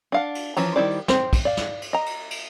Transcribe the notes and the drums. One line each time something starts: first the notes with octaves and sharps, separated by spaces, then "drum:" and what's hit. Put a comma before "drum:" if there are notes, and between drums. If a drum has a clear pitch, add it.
D4 F5 F#5
drum: cymbal
E3 F3 C#4 A#5, drum: cymbal
D#3 G3 E4 C5 D5
C4 C5, drum: snare
drum: kick, cymbal
D5 F5
drum: snare
drum: cymbal
D#5 A#5
drum: cymbal
drum: cymbal